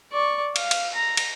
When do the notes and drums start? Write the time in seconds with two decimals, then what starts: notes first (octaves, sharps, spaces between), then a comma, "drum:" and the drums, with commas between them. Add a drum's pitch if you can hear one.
0.12 D5 C#6
0.56 F5, drum: cymbal
0.71 drum: cymbal
0.94 A#5
1.17 drum: cymbal